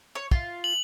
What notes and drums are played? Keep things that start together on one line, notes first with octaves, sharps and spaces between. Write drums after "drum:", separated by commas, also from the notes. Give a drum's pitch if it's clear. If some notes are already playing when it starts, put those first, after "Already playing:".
C#5
F4, drum: kick
F#7